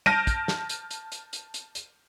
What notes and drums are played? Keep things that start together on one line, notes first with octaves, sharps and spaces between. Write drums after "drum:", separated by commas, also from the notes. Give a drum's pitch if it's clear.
A5 F6 G6 A#6 D7 D#7, drum: tom
drum: kick, hi-hat
drum: snare
drum: hi-hat
drum: hi-hat
drum: hi-hat
drum: hi-hat
drum: hi-hat
drum: hi-hat